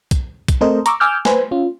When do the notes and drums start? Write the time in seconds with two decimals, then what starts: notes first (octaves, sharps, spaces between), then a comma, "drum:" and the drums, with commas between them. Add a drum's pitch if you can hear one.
0.11 drum: kick, hi-hat
0.48 drum: kick, hi-hat
0.61 A3 C4 A4 A#4 C5 D#5
0.86 A#5 C#6 D6 E6, drum: hi-hat
1.00 G#5 D6 E6 F6 G6
1.25 B4 C5 G#5, drum: snare
1.51 C#4 F4